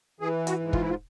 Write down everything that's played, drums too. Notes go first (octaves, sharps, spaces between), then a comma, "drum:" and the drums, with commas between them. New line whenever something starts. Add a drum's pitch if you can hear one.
E3 G#4
F#4, drum: hi-hat
G#2
F4, drum: kick
E4
F4